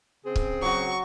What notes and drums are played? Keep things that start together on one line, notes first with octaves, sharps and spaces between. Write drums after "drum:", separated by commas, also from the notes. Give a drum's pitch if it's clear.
C#3 C4 G#4
drum: kick C#1
F#3 F#4 C#6